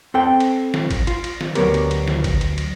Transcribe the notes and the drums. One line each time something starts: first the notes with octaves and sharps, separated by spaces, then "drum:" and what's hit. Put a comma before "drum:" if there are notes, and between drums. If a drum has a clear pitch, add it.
C4 A4 G5
drum: cymbal
drum: snare
drum: kick, cymbal
F4, drum: cymbal
drum: cymbal
drum: snare
D2 B2 F#3 B3 G4 A#4, drum: cymbal
drum: cymbal
drum: cymbal
drum: snare
drum: kick, cymbal
drum: cymbal
drum: cymbal